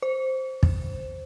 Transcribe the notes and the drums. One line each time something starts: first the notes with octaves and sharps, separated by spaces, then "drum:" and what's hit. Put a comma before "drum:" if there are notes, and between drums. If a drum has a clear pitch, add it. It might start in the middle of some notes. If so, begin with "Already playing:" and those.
C5
drum: kick